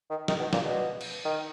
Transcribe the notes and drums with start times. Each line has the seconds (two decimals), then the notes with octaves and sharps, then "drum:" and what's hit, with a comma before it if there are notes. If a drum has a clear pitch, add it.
0.10 D#3
0.28 D#3, drum: snare
0.39 B2
0.53 A#2, drum: snare
0.64 B2
1.01 drum: cymbal
1.25 D#3